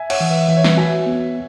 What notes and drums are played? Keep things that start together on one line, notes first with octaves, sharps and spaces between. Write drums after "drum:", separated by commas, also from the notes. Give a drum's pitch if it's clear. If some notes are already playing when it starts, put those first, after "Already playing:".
Already playing: E5 G#5
C#5 F#5, drum: cymbal
E3
B4 E5
E3 E5
C#5
B4 E5, drum: snare
F#4 E5 G#5
B3